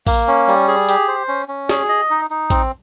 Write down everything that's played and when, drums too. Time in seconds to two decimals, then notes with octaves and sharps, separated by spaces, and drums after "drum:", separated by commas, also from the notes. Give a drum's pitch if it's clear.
0.07 A#3, drum: kick, open hi-hat
0.28 C#4
0.48 G3
0.68 G#4
0.89 G4, drum: hi-hat
1.08 C5
1.28 C#4
1.48 C#4
1.69 G#4, drum: snare
1.89 D#5
2.10 D#4
2.30 D#4
2.50 C4, drum: kick, hi-hat